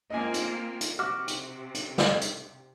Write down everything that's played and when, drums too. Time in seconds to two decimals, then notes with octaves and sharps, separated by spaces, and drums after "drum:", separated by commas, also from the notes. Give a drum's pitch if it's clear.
0.10 A#3 C4 F4 D#5 G#5
0.34 drum: hi-hat
0.81 drum: hi-hat
0.99 C3 F#4 D6 F6
1.28 drum: hi-hat
1.74 drum: hi-hat
1.98 drum: snare
2.21 drum: hi-hat